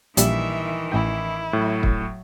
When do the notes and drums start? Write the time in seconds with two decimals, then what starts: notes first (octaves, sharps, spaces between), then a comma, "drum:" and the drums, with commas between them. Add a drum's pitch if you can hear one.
0.17 A#1 D#3 E3 G3 D5 E5, drum: hi-hat
0.92 A1 E4 G5
1.53 A2 F#3
1.83 drum: kick